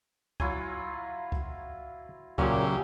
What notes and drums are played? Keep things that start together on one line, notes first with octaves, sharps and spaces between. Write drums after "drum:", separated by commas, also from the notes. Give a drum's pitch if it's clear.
F#3 E4 F4 G#5, drum: kick C#2
drum: kick C#2
A#2 C#3 F#3 C#4 G4 G#4 E5, drum: kick C#2